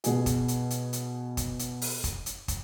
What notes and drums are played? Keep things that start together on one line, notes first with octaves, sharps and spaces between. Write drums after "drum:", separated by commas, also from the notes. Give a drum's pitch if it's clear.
B2 G#4, drum: hi-hat
drum: kick, hi-hat
drum: hi-hat
drum: hi-hat
drum: hi-hat
drum: kick, hi-hat
drum: hi-hat
drum: open hi-hat
drum: kick, hi-hat
drum: hi-hat
drum: kick, hi-hat